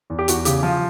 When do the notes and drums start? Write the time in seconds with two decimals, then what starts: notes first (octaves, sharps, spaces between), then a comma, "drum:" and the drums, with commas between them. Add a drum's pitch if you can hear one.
0.10 E2
0.19 G4
0.28 E2 F#4, drum: hi-hat
0.45 C#3 G4, drum: hi-hat
0.63 F3 F4